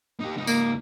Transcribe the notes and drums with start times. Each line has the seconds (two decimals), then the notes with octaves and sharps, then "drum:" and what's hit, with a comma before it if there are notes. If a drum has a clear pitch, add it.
0.20 D#4 G4
0.35 C#2 D#4
0.47 A#3, drum: tambourine